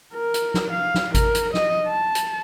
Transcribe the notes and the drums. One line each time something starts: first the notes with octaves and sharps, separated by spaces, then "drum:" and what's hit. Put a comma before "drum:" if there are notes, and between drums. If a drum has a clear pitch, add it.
A#4
drum: hi-hat
drum: snare
F5
drum: snare
A#4, drum: kick G#1, hi-hat
drum: hi-hat
D#5, drum: snare
A5
drum: hi-hat